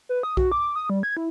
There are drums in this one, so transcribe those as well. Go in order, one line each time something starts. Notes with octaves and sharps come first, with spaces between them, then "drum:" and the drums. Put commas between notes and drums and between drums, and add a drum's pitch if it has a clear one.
B4
D#6
F#4, drum: kick B1
D6
D#6
G3
G#6
E4